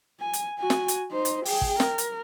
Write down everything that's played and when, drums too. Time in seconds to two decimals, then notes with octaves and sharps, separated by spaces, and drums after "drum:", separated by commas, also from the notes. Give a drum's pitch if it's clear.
0.20 G#5
0.33 drum: hi-hat
0.59 F#4 G#5
0.70 drum: snare
0.88 drum: hi-hat
1.12 D#4 C5
1.25 drum: hi-hat
1.45 G#4 G5, drum: open hi-hat
1.61 drum: kick
1.80 A#4, drum: snare
1.98 drum: hi-hat